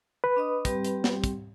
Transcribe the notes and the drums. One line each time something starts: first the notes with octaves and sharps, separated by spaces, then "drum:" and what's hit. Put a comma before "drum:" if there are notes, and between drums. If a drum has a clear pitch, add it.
B4
D4 D#5 D#6
G3 C4 G4, drum: kick, hi-hat
drum: hi-hat
drum: snare
drum: kick, hi-hat